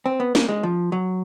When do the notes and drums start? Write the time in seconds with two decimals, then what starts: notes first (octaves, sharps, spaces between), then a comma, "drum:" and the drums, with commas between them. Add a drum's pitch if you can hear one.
0.06 C4
0.20 B3
0.35 A#3, drum: snare
0.49 G#3
0.63 F3
0.92 F#3